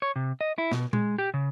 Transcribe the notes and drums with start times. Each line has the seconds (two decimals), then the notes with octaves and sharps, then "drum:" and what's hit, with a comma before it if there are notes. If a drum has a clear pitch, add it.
0.02 C#5
0.16 C3
0.41 D#5
0.58 E4
0.71 B2, drum: snare
0.93 G#3, drum: tom A#2
1.19 G4
1.34 C#3